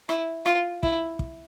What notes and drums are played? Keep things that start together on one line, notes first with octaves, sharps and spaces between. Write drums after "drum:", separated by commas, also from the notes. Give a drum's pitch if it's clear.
E4, drum: rim click
F4, drum: rim click
E4, drum: kick
drum: kick